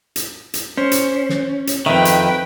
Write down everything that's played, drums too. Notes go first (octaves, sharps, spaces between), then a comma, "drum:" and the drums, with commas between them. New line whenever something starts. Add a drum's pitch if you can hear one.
drum: hi-hat
drum: hi-hat
C#4 C5
drum: hi-hat
drum: snare
drum: hi-hat
F2 D#3 B4 E5 G5
drum: hi-hat